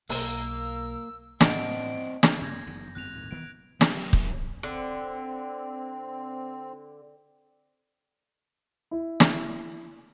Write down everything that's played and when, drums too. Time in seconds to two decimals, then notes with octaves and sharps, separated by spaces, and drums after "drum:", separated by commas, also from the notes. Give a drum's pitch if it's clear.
0.09 B1 A#3 A#4 E6, drum: open hi-hat
1.40 A2 C4 D4 D#5 F#5 D7, drum: snare
2.23 drum: snare
2.42 G2 C#3 C#4 G6 G#6 A#6
2.66 F#1 F#2 D#3 B3
2.95 G1 G#2 C4 F#6 F7
3.12 D#2 A2 D#3
3.31 E1 D#3 E3 B3 D7
3.81 F#2 G4, drum: snare
4.13 drum: kick
4.63 D3 C4
8.91 E4
9.20 drum: snare